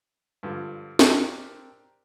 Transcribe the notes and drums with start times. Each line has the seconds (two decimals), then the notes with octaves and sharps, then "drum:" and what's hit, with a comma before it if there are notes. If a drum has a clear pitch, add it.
0.43 G2 D3 F3
0.99 C4 D4 G4 A#4, drum: snare